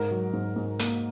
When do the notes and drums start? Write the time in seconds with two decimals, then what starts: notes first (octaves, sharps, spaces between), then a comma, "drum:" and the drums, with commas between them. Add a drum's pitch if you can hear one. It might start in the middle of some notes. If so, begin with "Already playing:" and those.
Already playing: G#2 A#4
0.11 F#3
0.33 G#2
0.56 G#2
0.79 A#3, drum: hi-hat